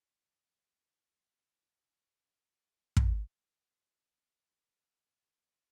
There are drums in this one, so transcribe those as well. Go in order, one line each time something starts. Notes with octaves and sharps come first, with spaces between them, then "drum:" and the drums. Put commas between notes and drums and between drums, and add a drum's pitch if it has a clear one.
A4 G5 C#6 E6
B2 A#3 F#4 B4
drum: kick
B3
F#1 G#2 E4 F4 A4 B4 D5